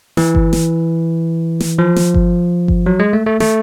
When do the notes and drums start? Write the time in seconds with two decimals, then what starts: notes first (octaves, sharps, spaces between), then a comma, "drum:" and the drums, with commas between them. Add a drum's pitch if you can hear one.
0.17 E3, drum: snare
0.35 drum: kick G1
0.53 drum: snare
1.60 drum: snare
1.79 F3
1.96 drum: snare
2.14 drum: kick G1
2.68 drum: kick G1
2.86 F#3
3.00 G#3
3.13 A3
3.26 A3
3.40 A3, drum: snare